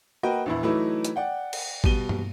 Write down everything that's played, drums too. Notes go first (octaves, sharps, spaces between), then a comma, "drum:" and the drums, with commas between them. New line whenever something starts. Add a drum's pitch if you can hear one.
A#3 F#4 A#4 B4 D#5 G5
A#1 E2 E4
E3 F#3 A3 D#4 E4
drum: hi-hat
D5 F#5 G5
drum: cymbal
B2 G3 D#7 G7, drum: kick
drum: tom G2